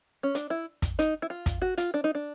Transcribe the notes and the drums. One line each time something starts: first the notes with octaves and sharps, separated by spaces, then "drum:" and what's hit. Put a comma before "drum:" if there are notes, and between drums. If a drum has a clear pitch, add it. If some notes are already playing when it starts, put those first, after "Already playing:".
C#4
D4, drum: hi-hat
E4
drum: kick, hi-hat
D#4, drum: hi-hat
E4
F4
drum: kick, hi-hat
F#4
F4, drum: hi-hat
D4
D#4
D4